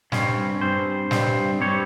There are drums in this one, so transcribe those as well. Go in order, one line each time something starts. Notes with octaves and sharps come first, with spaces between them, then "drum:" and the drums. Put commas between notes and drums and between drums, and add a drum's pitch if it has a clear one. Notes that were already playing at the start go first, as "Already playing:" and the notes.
G2 G3 C4 C#4, drum: snare
G2 G3 C4 C5
G2 G3 C4, drum: snare
G2 G3 C4 C#5